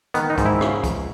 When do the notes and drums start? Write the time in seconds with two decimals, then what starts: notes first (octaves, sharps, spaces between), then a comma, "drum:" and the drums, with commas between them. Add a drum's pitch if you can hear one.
0.14 D#3 B3, drum: hi-hat
0.30 D#4
0.38 G#2, drum: kick, hi-hat
0.45 E4
0.61 C#3, drum: rim click
0.84 C#2, drum: kick, hi-hat